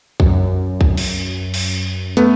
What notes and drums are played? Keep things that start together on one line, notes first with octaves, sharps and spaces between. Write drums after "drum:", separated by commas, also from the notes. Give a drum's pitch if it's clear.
F#2, drum: kick B1
drum: kick B1
drum: cymbal
drum: cymbal
A3 B3, drum: hi-hat